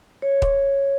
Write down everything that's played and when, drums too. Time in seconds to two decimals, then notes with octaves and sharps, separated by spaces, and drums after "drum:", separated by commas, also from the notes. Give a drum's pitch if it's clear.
0.22 C#5
0.42 drum: kick